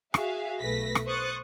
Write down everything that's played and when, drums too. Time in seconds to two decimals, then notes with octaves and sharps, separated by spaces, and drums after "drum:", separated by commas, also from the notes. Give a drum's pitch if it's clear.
0.14 F#4 G#4 E5 F5, drum: rim click
0.61 B1 A3 B4 A#6 B6
0.95 drum: rim click
1.06 C5 C#6 D#6 F#6 A6